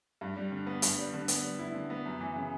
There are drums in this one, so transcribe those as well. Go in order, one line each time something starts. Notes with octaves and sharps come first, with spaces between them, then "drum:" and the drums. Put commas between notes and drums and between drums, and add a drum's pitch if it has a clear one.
G2
G3
D3
B3
G2, drum: hi-hat
G3
D3
B3, drum: hi-hat
G3
E4
D3
B3
F#2
E3
C#3